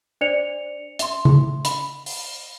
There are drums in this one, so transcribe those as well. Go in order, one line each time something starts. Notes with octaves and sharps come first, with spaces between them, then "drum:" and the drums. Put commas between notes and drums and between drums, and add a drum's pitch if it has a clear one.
D4 C5 D5 C#7 F7
E5 C6, drum: hi-hat
drum: tom C#3
B5, drum: hi-hat
drum: open hi-hat